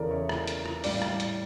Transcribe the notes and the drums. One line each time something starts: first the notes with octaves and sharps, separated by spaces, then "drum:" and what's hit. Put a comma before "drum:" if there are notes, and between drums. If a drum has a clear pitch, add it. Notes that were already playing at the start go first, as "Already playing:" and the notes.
Already playing: E2 C#3 E3 A4 A#4 C#5 D5
C#5 E5
drum: rim click
drum: hi-hat
drum: rim click
A2 G3 D5 F5, drum: open hi-hat
drum: rim click
drum: hi-hat